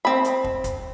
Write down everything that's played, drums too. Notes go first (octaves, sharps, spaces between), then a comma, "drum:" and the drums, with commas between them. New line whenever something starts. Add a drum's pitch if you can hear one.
C4 B5
drum: hi-hat
drum: kick
drum: kick, hi-hat